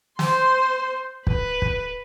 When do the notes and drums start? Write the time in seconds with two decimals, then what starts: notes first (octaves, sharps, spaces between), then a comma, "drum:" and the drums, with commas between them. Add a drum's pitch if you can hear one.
0.19 C5 C6, drum: snare
1.27 B4, drum: kick
1.62 drum: kick